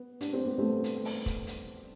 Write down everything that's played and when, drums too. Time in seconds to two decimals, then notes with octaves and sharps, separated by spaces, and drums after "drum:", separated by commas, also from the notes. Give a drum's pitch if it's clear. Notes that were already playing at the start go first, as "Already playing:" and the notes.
Already playing: B3
0.21 D4, drum: hi-hat
0.33 C4
0.46 B3
0.58 A3 C4
0.84 drum: hi-hat
1.05 drum: open hi-hat
1.26 drum: kick, hi-hat
1.47 drum: hi-hat